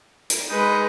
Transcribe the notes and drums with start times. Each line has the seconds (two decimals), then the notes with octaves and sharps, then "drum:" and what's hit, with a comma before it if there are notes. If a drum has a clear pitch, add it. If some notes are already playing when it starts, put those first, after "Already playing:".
0.30 drum: hi-hat
0.50 G#3 D#4 B4